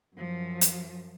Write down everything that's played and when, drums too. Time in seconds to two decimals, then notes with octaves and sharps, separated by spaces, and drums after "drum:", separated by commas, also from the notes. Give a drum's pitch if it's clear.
0.16 F#2 F3
0.61 drum: hi-hat